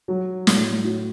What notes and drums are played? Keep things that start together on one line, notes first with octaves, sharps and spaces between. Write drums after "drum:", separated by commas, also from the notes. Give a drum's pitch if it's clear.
F#3
A2, drum: snare
F#4